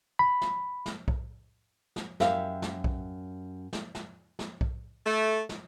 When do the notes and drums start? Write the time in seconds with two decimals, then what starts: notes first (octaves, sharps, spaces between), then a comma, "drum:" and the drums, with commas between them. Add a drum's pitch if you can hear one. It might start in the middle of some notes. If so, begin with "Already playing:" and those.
0.19 B5
0.42 drum: snare
0.86 drum: snare
1.08 drum: kick B1
1.96 drum: snare
2.20 F#2 G4 E5 F5, drum: snare
2.62 drum: snare
2.84 drum: kick B1
3.73 drum: snare
3.95 drum: snare
4.39 drum: snare
4.61 drum: kick B1
5.05 A3
5.49 drum: snare